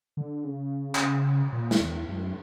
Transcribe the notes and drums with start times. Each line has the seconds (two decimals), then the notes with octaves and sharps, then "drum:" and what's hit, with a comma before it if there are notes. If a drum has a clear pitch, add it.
0.17 D3
0.44 C#3
0.95 drum: clap
1.53 A#2
1.71 drum: snare
1.80 E2
2.08 F#2